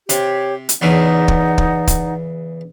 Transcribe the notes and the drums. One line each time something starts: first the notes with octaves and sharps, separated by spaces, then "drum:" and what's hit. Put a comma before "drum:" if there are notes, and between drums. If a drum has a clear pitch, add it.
C3 G4 C#5, drum: hi-hat
drum: hi-hat
E2 C#3 E3 D#4 D5 F#5
drum: kick
drum: kick
drum: kick, hi-hat